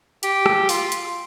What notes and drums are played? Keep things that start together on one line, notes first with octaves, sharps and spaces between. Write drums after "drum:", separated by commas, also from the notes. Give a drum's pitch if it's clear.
G4, drum: hi-hat
drum: rim click
F4, drum: open hi-hat
drum: hi-hat